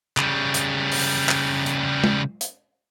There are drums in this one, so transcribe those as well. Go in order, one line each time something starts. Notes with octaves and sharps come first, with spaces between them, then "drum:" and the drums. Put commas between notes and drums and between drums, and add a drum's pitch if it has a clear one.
C#3 G3, drum: clap
drum: hi-hat
drum: open hi-hat
drum: clap
drum: hi-hat
drum: tom G#3
drum: hi-hat